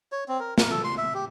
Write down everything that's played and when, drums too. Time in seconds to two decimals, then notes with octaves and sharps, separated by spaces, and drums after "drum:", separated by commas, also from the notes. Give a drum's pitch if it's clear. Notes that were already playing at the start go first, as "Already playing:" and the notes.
0.12 C#5
0.28 C4
0.40 A#4
0.58 A#4, drum: snare
0.71 A4
0.84 C6
0.98 E5
1.14 G4